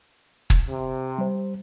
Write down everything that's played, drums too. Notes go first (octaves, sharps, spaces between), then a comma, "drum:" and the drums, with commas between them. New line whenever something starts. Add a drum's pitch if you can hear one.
drum: kick
C3
G3 C5